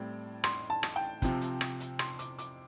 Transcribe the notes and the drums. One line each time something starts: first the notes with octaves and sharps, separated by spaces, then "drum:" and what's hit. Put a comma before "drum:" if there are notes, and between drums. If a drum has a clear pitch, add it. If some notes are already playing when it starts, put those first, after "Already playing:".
Already playing: A2 G3 C4
C6, drum: rim click
A5
drum: rim click
G5
C3 F3 C4, drum: kick, hi-hat
drum: hi-hat
drum: rim click
drum: hi-hat
C6, drum: rim click
D6, drum: hi-hat
D6, drum: hi-hat